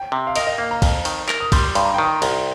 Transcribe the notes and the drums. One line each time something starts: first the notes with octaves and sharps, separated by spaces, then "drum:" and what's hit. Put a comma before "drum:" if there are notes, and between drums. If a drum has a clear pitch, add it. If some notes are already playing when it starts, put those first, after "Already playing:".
Already playing: G5
C3
F5
A#4 D#5, drum: cymbal
D#5
A#3 F5
A#5
F2, drum: kick A#1, cymbal
D#3, drum: cymbal
A#4, drum: clap
D#6
G3 C6, drum: kick A#1, cymbal
C6
G2 C6, drum: cymbal
A#5
D#3 G5
A#5
C2 A#5, drum: cymbal